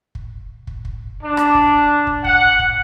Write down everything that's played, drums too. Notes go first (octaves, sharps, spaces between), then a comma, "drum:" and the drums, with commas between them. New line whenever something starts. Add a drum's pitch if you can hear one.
drum: kick
drum: kick
drum: kick
D4
drum: rim click
drum: kick
drum: kick
F#5, drum: kick
drum: kick